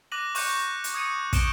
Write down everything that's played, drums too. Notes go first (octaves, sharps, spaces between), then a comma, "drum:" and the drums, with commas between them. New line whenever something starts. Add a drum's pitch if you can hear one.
D6 F#6 A#6 D#7 F#7
C#6 F#6 G6 C#7 D#7, drum: open hi-hat
drum: hi-hat
D#6 G#6 C#7 D#7
C#6 G6 D7 E7 G7, drum: kick, hi-hat